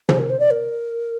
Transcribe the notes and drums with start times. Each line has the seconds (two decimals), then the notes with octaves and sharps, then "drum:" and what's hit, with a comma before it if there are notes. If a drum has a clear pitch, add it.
0.09 C5, drum: tom
0.19 A#4
0.30 C5
0.39 D5
0.51 A#4